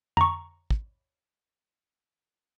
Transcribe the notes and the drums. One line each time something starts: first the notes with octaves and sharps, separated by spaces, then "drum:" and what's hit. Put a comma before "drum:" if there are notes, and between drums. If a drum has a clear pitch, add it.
A#5 C#6, drum: tom F2
drum: kick